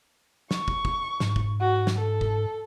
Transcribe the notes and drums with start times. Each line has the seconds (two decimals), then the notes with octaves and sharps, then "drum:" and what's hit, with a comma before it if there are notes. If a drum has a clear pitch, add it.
0.51 C#6, drum: snare
0.68 drum: kick
0.85 drum: kick
1.20 G#2, drum: snare
1.36 drum: kick
1.61 F#4
1.87 drum: snare
1.98 A4
2.21 drum: kick